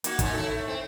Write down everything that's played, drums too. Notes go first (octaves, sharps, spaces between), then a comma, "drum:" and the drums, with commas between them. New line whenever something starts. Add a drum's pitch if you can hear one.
A#3 D#4 F#4, drum: hi-hat
A#2 D#3 C#4, drum: kick, hi-hat
E4 A4
A3
C4